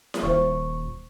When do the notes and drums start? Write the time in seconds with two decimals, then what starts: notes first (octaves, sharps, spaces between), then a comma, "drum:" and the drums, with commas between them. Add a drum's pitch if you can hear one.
0.14 drum: snare E4
0.23 D#1 G3 C5 C#6